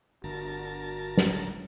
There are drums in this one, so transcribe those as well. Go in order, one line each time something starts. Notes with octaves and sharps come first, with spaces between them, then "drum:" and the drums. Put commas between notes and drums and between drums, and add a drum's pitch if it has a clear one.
G1 D4 F#4 A#4 A5
drum: snare